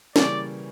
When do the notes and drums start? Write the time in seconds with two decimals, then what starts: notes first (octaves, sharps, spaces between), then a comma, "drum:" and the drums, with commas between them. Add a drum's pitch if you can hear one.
0.16 C#3 E3 G3 A#3 C#4 D5, drum: snare